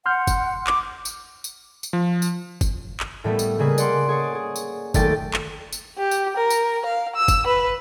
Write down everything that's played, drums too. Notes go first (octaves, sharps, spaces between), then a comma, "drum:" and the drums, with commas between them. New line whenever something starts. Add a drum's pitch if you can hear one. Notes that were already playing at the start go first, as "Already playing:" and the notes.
F#5 C6 F6 G6
drum: kick, tambourine
D6, drum: clap
drum: tambourine
drum: tambourine
drum: tambourine
F3
drum: tambourine
drum: kick, tambourine
drum: clap
A2 G3 A3 B3
drum: tambourine
C#3 G3 A#3 G#4 B4
D5 F#5 C6 D6, drum: tambourine
G#4 C#5 D5
G#4
drum: tambourine
D#1 F#3 A3 D5 G5 A6, drum: kick, tambourine
drum: clap
drum: tambourine
G4
drum: tambourine
A#4
drum: tambourine
F5
E6
drum: kick, tambourine
B4